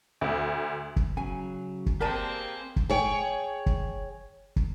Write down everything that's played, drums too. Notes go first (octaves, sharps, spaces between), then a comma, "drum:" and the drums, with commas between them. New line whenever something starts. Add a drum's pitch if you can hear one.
D2
drum: kick
C#3 F#3 G#5
drum: kick
A#3 C4 G4 G#4 A#4 D5 G#5 A5
drum: kick
G#4 C#5 G5
drum: kick
drum: kick